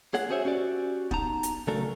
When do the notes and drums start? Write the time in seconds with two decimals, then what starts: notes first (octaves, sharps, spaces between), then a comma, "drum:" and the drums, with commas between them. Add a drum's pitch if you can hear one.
0.14 G#4 C#5 F#5, drum: snare
0.29 C#4 F#4 G#4 C5 C#5 E5
0.45 C#4 F#4 G4 D5
1.11 B3 D#4 A5 A#5, drum: kick
1.43 drum: hi-hat
1.67 C#3 F#3 A3 D4 A4 A#4